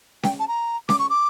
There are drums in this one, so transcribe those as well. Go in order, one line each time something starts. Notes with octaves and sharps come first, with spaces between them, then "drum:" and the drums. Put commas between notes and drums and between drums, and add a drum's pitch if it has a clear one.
G5, drum: snare C#4
A5
A#5
D6, drum: snare C#4
C#6
D6